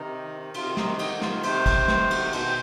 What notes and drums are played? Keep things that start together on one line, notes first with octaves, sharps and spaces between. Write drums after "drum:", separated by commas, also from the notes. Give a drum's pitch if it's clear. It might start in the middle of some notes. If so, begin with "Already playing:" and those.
Already playing: C3 D#3 D#4
C3 D#3 F4, drum: cymbal
D#4, drum: snare
D#4, drum: cymbal
F4, drum: snare
C3 D#3 C5, drum: cymbal
drum: kick, cymbal
drum: snare
drum: cymbal
B2 C5, drum: cymbal
G5